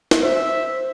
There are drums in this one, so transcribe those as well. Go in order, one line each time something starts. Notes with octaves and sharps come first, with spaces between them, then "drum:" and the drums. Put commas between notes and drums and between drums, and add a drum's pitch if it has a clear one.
drum: snare
C5 E5